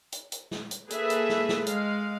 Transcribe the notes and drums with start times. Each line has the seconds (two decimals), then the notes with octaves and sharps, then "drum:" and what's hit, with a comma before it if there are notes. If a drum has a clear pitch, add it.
0.12 drum: hi-hat
0.32 drum: hi-hat
0.51 drum: snare
0.71 drum: hi-hat
0.90 A#3 G#4 A4 B4 E5, drum: hi-hat
1.10 drum: hi-hat
1.29 drum: snare
1.49 drum: snare
1.67 G#3 F5, drum: hi-hat